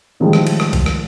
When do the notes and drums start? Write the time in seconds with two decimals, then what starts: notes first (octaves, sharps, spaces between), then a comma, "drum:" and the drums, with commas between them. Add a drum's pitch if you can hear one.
0.20 A2 D#3 F3 G3 G#3
0.33 drum: rim click
0.47 drum: cymbal
0.60 drum: rim click
0.73 drum: kick B1, cymbal
0.86 drum: rim click